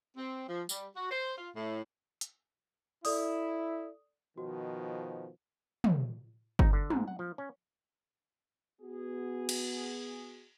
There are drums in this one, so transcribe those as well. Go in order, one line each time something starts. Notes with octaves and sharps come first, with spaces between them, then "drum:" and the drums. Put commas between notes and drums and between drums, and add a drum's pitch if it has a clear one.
C4
F3
G3, drum: tambourine
F#4
C5
F4
A2
drum: hi-hat
E4 A4 D5 D#6, drum: open hi-hat
B2 D#3 F3 F#4
drum: tom
D#4, drum: kick G1
D3
G#2, drum: tom
F#5
F3
C#4
B3 F#4 G#4
drum: cymbal